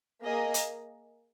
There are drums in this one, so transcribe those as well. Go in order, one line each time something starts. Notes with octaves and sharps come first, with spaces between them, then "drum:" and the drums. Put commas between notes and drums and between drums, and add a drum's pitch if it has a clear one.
A#3 G#4 D#5
drum: hi-hat